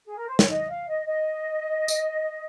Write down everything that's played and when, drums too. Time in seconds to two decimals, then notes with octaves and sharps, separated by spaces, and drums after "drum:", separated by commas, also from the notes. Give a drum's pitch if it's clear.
0.06 G#4
0.17 A#4
0.27 C5
0.39 C#5, drum: snare
0.50 D#5
0.69 F5
0.88 D#5
1.06 D#5
1.88 drum: tambourine